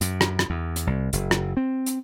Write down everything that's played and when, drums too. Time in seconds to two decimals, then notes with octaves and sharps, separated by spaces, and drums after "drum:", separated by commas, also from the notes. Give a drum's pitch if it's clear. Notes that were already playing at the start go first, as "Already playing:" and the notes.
0.01 F#2, drum: hi-hat
0.21 drum: rim click
0.39 drum: rim click
0.50 E2
0.76 drum: hi-hat
0.87 C2
1.13 F#1, drum: hi-hat
1.31 drum: rim click
1.57 C4
1.86 drum: hi-hat